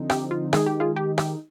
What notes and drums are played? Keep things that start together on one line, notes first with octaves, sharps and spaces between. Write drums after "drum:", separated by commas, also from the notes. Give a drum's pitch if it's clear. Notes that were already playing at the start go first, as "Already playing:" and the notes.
Already playing: D3 F3 C4 D#4
G4, drum: rim click
F4
D#3 G#3 D#4 G#4, drum: rim click
G4
F4 G#4
G4
G4, drum: rim click